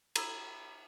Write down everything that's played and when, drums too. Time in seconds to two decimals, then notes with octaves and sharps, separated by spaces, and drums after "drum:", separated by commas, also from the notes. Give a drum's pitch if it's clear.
0.16 A#5 B5 E6 G#6, drum: cymbal